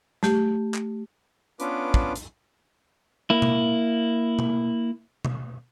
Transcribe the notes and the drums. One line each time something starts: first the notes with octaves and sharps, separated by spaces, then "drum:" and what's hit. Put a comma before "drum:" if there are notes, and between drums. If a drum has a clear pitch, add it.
A3 G4, drum: snare
drum: clap
B3 C#4 D4 F4 B4 D6, drum: hi-hat
drum: kick
drum: hi-hat
A#3 E4
drum: tom B2
drum: tom B2
drum: tom B2